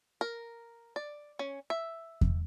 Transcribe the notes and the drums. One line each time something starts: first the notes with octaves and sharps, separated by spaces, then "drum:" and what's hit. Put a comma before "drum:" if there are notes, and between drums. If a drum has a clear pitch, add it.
A#4
D5
C#4
E5
drum: kick E2